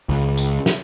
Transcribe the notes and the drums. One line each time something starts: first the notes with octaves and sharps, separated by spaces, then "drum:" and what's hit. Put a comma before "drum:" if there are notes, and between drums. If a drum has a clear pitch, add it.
C#2
drum: tambourine
drum: snare